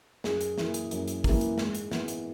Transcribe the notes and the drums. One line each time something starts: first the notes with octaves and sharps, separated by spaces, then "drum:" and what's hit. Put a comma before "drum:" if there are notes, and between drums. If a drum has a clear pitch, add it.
F#2 G#4, drum: snare
drum: hi-hat
E3 A#3, drum: snare
drum: hi-hat
F#2, drum: hi-hat
drum: hi-hat
E3 A#3, drum: kick, open hi-hat
drum: hi-hat
G#2, drum: snare
drum: hi-hat
E3 B3, drum: snare
drum: hi-hat